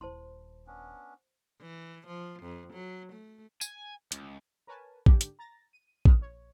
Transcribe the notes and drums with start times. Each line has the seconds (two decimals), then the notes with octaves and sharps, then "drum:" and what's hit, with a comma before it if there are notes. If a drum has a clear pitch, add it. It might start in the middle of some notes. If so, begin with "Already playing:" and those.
0.01 D#1 E4 C5 A5 C6
0.67 B3 C#4 D4
1.61 E3
2.07 F3
2.42 F2
2.73 F#3
3.12 A3
3.61 G#5, drum: tambourine
4.12 C#2, drum: hi-hat
4.67 A#4 B4 C#5 G#5 A5
5.06 G#2 D3 D4 G4, drum: kick
5.21 drum: hi-hat
5.39 A#5 A6 A#6
5.73 D#7
6.05 E3 C4 C#4 B4 D#6 F6, drum: kick
6.18 A#1 C#5